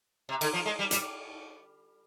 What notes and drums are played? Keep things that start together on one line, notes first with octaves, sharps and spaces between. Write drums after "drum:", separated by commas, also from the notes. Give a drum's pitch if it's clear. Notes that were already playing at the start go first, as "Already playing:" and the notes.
C3
D3, drum: cymbal
F3
G#3
G3
G3, drum: hi-hat